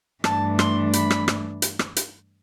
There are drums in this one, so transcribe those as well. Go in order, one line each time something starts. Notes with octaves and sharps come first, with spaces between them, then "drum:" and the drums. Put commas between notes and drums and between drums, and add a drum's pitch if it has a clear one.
G2 E3 A3 D4 A5, drum: rim click
C6, drum: rim click
B5, drum: hi-hat
drum: rim click
drum: rim click
drum: hi-hat
drum: rim click
drum: hi-hat